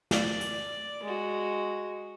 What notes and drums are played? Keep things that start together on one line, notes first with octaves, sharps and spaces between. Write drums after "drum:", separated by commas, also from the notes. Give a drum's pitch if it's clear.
D5, drum: snare
drum: hi-hat
G#3 F#4